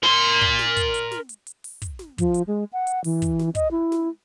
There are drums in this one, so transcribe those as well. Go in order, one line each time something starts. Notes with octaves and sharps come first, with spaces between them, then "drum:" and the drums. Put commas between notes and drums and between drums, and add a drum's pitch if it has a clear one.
A#4 C6
drum: kick
drum: snare
drum: kick, hi-hat
drum: hi-hat
drum: snare
drum: hi-hat
drum: hi-hat
drum: open hi-hat
drum: kick, hi-hat
drum: snare
F3, drum: kick, hi-hat
drum: hi-hat
G#3
F#5
drum: hi-hat
E3, drum: open hi-hat
drum: kick, hi-hat
drum: snare
D#5, drum: kick, hi-hat
E4
drum: snare